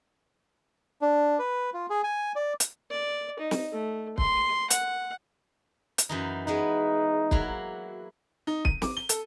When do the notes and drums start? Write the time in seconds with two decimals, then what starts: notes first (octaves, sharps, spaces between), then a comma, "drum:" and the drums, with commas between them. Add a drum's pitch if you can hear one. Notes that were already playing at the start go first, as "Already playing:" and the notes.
1.01 D4
1.39 B4
1.74 F4
1.90 G#4
2.04 G#5
2.36 D5
2.60 drum: hi-hat
2.91 D5
3.40 D#4
3.51 drum: snare
3.72 A3
4.18 C6, drum: kick
4.70 F#5, drum: hi-hat
5.98 drum: hi-hat
6.09 F#2 E3 D#4
6.47 G#3 B3 D#4 B4
7.31 F#3 A#3 E4, drum: kick
8.47 D#4
8.65 D#7, drum: kick
8.82 D6, drum: snare
8.97 G7
9.09 A4, drum: hi-hat